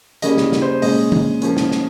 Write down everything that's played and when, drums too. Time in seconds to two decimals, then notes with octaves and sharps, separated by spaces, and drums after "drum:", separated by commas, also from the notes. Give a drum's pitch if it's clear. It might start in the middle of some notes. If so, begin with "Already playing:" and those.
0.22 C#3 G3 A#3 C#4 D#5, drum: hi-hat
0.37 drum: snare
0.52 drum: snare
0.62 C5
0.82 A#2 G#3 C#4 D#5, drum: open hi-hat
1.12 drum: tom E3
1.42 F3 A#3 C#4, drum: hi-hat
1.57 drum: snare
1.72 drum: snare